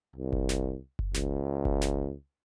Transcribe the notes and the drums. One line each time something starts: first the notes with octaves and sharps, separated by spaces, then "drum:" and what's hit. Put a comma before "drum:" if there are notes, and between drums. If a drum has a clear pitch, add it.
C2
drum: kick F#1
drum: snare
drum: kick F#1
C#2, drum: snare
drum: kick F#1
drum: snare